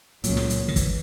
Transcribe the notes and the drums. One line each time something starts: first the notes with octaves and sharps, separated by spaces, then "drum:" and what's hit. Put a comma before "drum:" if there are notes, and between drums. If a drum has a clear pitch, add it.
C#2 A#2 C#3 F#3, drum: hi-hat
drum: snare
drum: hi-hat
D#3
E3, drum: kick, hi-hat